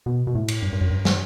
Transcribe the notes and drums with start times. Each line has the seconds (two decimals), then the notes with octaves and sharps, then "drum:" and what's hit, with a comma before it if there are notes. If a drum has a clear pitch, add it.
0.06 B2
0.27 B2
0.35 A2
0.48 drum: cymbal
0.62 G2
0.72 G2
0.81 F#2
0.90 G2
1.05 drum: snare